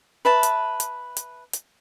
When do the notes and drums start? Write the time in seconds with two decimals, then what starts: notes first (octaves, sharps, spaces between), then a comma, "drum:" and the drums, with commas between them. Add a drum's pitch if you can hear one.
0.25 B4 E5 A5
0.43 drum: hi-hat
0.80 drum: hi-hat
1.17 drum: hi-hat
1.53 drum: hi-hat